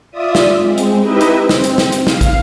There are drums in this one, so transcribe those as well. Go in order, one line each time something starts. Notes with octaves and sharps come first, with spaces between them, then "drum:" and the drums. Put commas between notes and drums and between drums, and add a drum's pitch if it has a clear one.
F4 D5 E5 D#6
drum: snare
G#3 C4
drum: hi-hat
D#4 E4 G4 B4 D#5 E5
drum: hi-hat
C4
drum: snare
drum: hi-hat
drum: snare
drum: hi-hat
F5, drum: snare
drum: kick, hi-hat